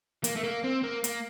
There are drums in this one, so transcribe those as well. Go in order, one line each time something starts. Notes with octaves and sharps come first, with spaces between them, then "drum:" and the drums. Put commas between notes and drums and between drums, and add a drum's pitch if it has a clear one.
A#3, drum: hi-hat
A3
A#3
C4
A#3
A#3, drum: hi-hat